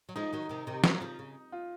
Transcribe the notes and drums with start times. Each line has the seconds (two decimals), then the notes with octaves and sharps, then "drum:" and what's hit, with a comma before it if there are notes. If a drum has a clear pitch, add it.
0.09 F#3
0.15 F3 G#3 D#4
0.33 D#3 F#3
0.49 C3 D#3
0.67 C3 D#3
0.84 F#3 A#3, drum: snare
1.01 C#3 F3
1.19 C#3
1.52 F4